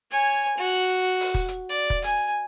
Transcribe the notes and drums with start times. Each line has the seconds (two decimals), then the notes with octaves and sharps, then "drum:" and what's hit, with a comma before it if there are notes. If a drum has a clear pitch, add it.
0.11 C#5 G#5
0.57 F#4
1.21 drum: open hi-hat
1.34 drum: kick
1.48 drum: hi-hat
1.69 D5
1.90 drum: kick
2.04 G#5, drum: hi-hat